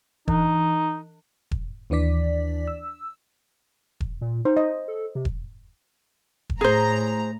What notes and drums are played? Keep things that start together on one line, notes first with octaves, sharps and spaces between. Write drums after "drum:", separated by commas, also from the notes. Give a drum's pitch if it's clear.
E3 D#4, drum: kick E1
drum: kick E1
D#2 E3 D4 D5 B6
E6
drum: kick E1
A#2
D#4 C5
D#5
A4
C3
drum: kick E1
drum: kick E1
A2 G#4 C5 A#5